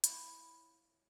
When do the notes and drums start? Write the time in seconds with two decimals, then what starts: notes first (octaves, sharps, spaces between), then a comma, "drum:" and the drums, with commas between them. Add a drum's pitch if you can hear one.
0.04 E4 F4 C#5 B5, drum: hi-hat